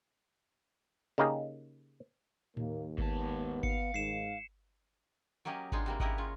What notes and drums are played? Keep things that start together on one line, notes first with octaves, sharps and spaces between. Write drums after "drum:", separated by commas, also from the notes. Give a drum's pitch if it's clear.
C#3 A#3 D#4 G4 G#4
D#2 A#3, drum: tom A2
G#2 B3 A5, drum: kick G#1
F5 C#7, drum: kick G#1
G#2 D#3 C7 E7
F#3 A#3 C#4 G4 D#5
G#3 B3 D4 D#4 F4 G#4, drum: kick G#1
C3 G3 A#3
C#3 E4 G4 A#4 D#5 F#5, drum: kick G#1
G#3 C#4 F4